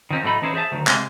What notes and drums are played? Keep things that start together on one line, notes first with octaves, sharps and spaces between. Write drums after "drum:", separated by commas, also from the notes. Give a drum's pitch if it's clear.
D#3 F3 C4 C#4
A2 F#3 A3 D#4 B5
E3 C#4 D#4 E4 C5 C#5
G#4 C5 D#5 E5 A5
D2 D#3 F#3
C3 G#3 C6, drum: clap